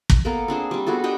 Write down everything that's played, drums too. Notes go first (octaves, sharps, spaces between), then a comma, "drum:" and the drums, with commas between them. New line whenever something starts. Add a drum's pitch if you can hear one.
drum: kick
A#3 B3 A4 A#4
C4 D4 G#4 C5
G3 C4
B3 F#4 G#4 A4
D4 G4 D#5